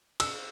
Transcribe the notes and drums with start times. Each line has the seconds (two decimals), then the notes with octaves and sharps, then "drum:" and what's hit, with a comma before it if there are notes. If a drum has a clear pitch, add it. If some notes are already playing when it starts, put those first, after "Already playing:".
0.20 E6, drum: cymbal